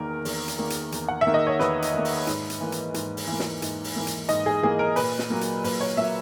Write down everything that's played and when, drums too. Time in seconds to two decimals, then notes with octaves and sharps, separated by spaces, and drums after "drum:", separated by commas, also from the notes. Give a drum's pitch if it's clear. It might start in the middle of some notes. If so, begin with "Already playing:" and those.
Already playing: E2 D#3 A#3 A#4
0.25 E2, drum: open hi-hat
0.48 drum: hi-hat
0.58 D#3 A#3
0.70 drum: hi-hat
0.92 E2, drum: hi-hat
1.08 F#5
1.21 E5
1.27 D#3 A#3
1.34 D#5
1.47 C#5
1.60 E2 B4, drum: snare
1.82 drum: hi-hat
1.94 D#3 A#3
2.05 drum: open hi-hat
2.27 G#2, drum: hi-hat
2.50 drum: hi-hat
2.61 E3 A#3
2.72 drum: hi-hat
2.94 G#2, drum: hi-hat
3.17 drum: open hi-hat
3.28 E3 A#3
3.39 drum: snare
3.62 G#2, drum: hi-hat
3.84 drum: open hi-hat
3.96 E3 A#3
4.07 drum: hi-hat
4.28 G#2 D#5, drum: hi-hat
4.46 G#4
4.63 E3 A#3 G#4
4.79 A#4
4.96 A#2 B4, drum: open hi-hat
5.19 drum: snare
5.30 F#3 A#3
5.41 drum: hi-hat
5.64 A#2 B4, drum: open hi-hat
5.81 C#5
5.97 F#3 A#3 E5